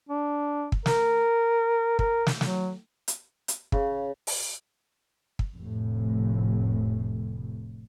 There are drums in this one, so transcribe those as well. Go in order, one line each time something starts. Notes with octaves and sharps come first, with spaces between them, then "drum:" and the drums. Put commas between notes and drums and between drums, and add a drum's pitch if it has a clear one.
D4
drum: kick
A#4, drum: snare
A#4, drum: kick
drum: snare
F#3, drum: snare
drum: hi-hat
drum: hi-hat
C#3, drum: kick
drum: open hi-hat
drum: kick
F1 A2